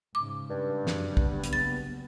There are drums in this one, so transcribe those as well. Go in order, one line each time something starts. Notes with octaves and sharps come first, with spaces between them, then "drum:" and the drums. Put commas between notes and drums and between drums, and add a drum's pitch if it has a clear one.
G#2 C#3 D6
G2
F#2, drum: snare
F#1 C3 B3, drum: kick
drum: hi-hat
A6